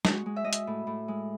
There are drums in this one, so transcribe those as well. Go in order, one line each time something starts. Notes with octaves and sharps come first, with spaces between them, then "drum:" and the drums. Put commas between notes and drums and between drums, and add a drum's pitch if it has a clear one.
G#3 F#4, drum: snare
G#3
E5
G#3 D#5
E5, drum: hi-hat
A2
A2
G#3